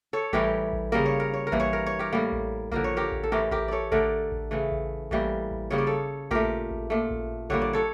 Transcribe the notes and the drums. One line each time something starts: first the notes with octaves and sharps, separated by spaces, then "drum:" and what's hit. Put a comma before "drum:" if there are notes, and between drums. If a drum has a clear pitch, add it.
A4 C#5
A2 E3 G3 G4 A#4, drum: kick A1
drum: kick A1
C#3 G3 A#3 A#4
C#5
A#4
C#5
A#4
G2 E3 A#3, drum: kick A1
C#5
A#4
C#5
G4 A#4
A2 G3 A#3
drum: kick A1
D3 F3 A#3 A#4, drum: kick A1
C#5
G4 A#4
drum: kick A1
A4
A2 E3 A3 G4 A#4
G4 A#4, drum: kick A1
A4 C#5 D5
D3 A3 A#4 D5, drum: kick A1
drum: kick A1
C#3 E3 A3
drum: kick A1
A2 E3 G3 A#3, drum: kick A1
drum: kick A1
C#3 G3 A#3 C#5
D5
A4 C#5
A#2 A3 G4 A#4, drum: kick A1
drum: kick A1
A#2 A3
drum: kick A1
D3 G3 A#3 C#5, drum: kick A1
D5
A4 C#5